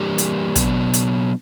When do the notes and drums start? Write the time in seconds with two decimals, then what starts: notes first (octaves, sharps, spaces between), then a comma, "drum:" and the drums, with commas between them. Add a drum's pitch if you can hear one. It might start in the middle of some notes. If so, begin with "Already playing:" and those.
Already playing: E3 G3 A#3 D4 G4
0.18 drum: hi-hat
0.56 B2 F#3 B3 D4, drum: kick, hi-hat
0.94 drum: hi-hat